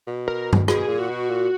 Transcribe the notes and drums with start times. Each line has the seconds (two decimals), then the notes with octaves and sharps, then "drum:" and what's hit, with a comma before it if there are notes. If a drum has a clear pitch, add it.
0.07 B2
0.28 A#4
0.53 drum: tom G2
0.68 B2 G#4, drum: rim click
0.88 A#2
0.99 F#4
1.09 B2
1.30 A#2